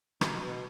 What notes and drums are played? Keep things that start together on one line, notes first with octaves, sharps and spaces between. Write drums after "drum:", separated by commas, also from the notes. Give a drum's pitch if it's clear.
B2, drum: rim click
B2
B2